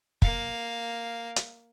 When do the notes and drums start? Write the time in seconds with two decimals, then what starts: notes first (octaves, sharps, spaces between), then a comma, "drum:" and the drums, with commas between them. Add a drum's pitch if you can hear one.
0.22 A#3 F5, drum: kick
1.36 drum: hi-hat